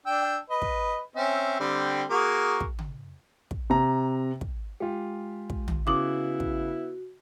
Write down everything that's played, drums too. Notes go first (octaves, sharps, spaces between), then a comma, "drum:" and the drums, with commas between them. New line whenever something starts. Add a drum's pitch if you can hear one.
D4 G5 E6
B4 D#5
drum: kick
C4 C#4 E5
D3 G3 C4
A#3 F#4 G#4
drum: kick
drum: tom C#3
drum: kick
C3 A#5
drum: kick
G#3 F4 G4
drum: kick
drum: tom
C#3 B3 E4 F#4 D6 D#6 F#7
drum: kick